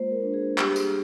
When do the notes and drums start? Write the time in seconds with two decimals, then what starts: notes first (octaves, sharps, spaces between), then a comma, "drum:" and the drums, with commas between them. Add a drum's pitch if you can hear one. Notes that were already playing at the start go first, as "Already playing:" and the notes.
Already playing: G#3 A#3 F4 C5
0.10 A#4
0.22 D4
0.34 G#4
0.58 G3 G4, drum: clap
0.76 G#4, drum: tambourine